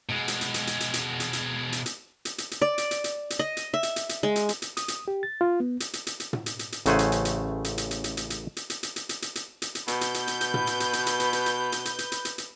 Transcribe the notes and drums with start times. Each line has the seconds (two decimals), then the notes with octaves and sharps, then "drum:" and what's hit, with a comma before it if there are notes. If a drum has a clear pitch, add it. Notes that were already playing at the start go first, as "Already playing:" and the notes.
0.09 B2 G#3
0.28 drum: hi-hat
0.41 drum: hi-hat
0.54 drum: hi-hat
0.67 drum: hi-hat
0.80 drum: hi-hat
0.94 drum: hi-hat
1.20 drum: hi-hat
1.33 drum: hi-hat
1.73 drum: hi-hat
1.86 drum: hi-hat
2.25 drum: hi-hat
2.38 drum: hi-hat
2.51 drum: hi-hat
2.61 D5
2.78 drum: hi-hat
2.91 drum: hi-hat
3.04 drum: hi-hat
3.30 drum: hi-hat
3.39 D#5
3.57 drum: hi-hat
3.74 E5
3.83 drum: hi-hat
3.96 drum: hi-hat
4.09 drum: hi-hat
4.23 G#3
4.36 drum: hi-hat
4.49 drum: hi-hat
4.62 drum: hi-hat
4.77 D#6, drum: hi-hat
4.88 drum: hi-hat
5.08 G4
5.23 A6
5.41 F4
5.60 B3
5.80 drum: hi-hat
5.93 drum: hi-hat
6.07 drum: hi-hat
6.20 drum: hi-hat
6.33 drum: tom
6.46 drum: hi-hat
6.59 drum: hi-hat
6.72 drum: hi-hat
6.86 A1 C#3 A3 C5 F#5 G#5, drum: hi-hat
6.99 drum: hi-hat
7.12 drum: hi-hat
7.25 drum: hi-hat
7.64 drum: hi-hat
7.78 drum: hi-hat
7.91 drum: hi-hat
8.04 drum: hi-hat
8.17 drum: hi-hat
8.30 drum: hi-hat
8.57 drum: hi-hat
8.70 drum: hi-hat
8.83 drum: hi-hat
8.96 drum: hi-hat
9.09 drum: hi-hat
9.22 drum: hi-hat
9.35 drum: hi-hat
9.62 drum: hi-hat
9.75 drum: hi-hat
9.88 B2 B4 G6, drum: hi-hat
10.01 drum: hi-hat
10.14 drum: hi-hat
10.28 drum: hi-hat
10.41 drum: hi-hat
10.54 drum: tom
10.67 drum: hi-hat
10.80 drum: hi-hat
10.93 drum: hi-hat
11.06 drum: hi-hat
11.20 drum: hi-hat
11.33 drum: hi-hat
11.46 drum: hi-hat
11.72 drum: hi-hat
11.85 drum: hi-hat
11.99 drum: hi-hat
12.12 drum: hi-hat
12.25 drum: hi-hat
12.38 drum: hi-hat